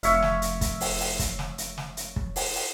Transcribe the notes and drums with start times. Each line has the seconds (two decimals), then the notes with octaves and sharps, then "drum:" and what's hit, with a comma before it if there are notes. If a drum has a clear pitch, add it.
0.03 F1 C#5 E5 F5, drum: hi-hat
0.22 drum: snare
0.42 drum: hi-hat
0.61 drum: kick, hi-hat
0.81 drum: open hi-hat
1.00 drum: open hi-hat
1.19 drum: kick, hi-hat
1.39 drum: snare
1.58 drum: hi-hat
1.78 drum: snare
1.97 drum: hi-hat
2.16 drum: kick
2.36 drum: open hi-hat
2.55 drum: open hi-hat